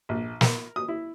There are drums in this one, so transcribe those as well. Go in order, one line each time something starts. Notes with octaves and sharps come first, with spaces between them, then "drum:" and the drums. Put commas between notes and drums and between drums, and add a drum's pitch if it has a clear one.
A#1
A#4, drum: snare
D#6
E4